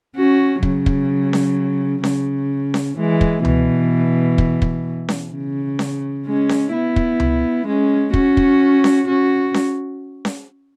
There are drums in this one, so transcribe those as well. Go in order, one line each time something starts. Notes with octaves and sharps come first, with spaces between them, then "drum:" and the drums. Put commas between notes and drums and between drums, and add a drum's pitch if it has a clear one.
C#4 F#4
C#3 F#3, drum: kick
drum: kick
drum: snare C#4
C#3, drum: snare C#4
drum: snare C#4
E3 G#3
drum: kick
B2 E3, drum: tom C#2
drum: kick
drum: kick
drum: snare C#4
C#3
drum: snare C#4
G#3 C#4
drum: snare C#4
B3 E4
drum: kick
drum: tom C#2
G#3 C#4
C#4 F#4, drum: kick
drum: kick
drum: snare C#4
C#4 F#4
drum: snare C#4
drum: snare C#4